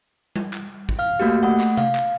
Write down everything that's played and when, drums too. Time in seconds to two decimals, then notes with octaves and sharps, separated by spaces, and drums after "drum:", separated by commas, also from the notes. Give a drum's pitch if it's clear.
0.36 drum: tom G3
0.53 drum: clap
0.89 drum: kick
0.99 F5 F6
1.20 A3 A#3 F#4 G4
1.43 A3 F#5
1.60 drum: clap
1.77 F5, drum: tom C3
1.95 drum: clap